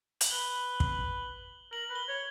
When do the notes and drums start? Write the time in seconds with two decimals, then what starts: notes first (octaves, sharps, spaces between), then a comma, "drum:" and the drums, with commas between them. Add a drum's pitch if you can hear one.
0.21 F#7, drum: hi-hat
0.31 B4 G7
0.80 drum: kick
1.72 A#4 F#7
1.89 B4
1.95 G7
2.08 C#5